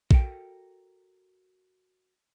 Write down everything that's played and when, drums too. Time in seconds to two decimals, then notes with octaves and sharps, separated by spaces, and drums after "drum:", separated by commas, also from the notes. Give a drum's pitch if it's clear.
0.11 F#4 A4 A#4 F5 G5, drum: kick A#1